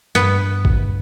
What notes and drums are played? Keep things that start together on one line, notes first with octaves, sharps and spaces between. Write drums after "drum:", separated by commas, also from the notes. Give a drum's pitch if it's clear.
G2 B3, drum: hi-hat
drum: kick